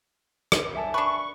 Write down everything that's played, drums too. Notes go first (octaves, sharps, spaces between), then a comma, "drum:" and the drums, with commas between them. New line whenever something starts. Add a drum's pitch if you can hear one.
drum: rim click
E5 G#5 A5
D4 B4 C#6